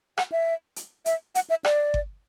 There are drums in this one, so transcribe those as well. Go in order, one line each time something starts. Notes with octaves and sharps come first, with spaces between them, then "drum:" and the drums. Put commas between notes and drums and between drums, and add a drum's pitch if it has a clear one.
F#5, drum: rim click
E5
drum: hi-hat
E5, drum: hi-hat
F#5, drum: hi-hat
E5
D5, drum: rim click
drum: kick G1